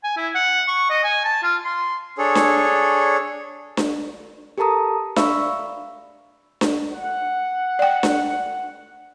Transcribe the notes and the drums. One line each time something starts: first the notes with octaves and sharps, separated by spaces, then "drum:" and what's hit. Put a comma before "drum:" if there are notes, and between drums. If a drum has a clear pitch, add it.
G#5
E4
F#5
C#6
D#5
G#5
A5
F4
C6
D4 G#4 A4 C#5
drum: snare D4
drum: snare D4
G4 A4 A#4 A5 A#5 D#6
D5 E5 F5 B5 C#6 E6, drum: snare D4
drum: snare D4
F#5
D5 G5
drum: snare D4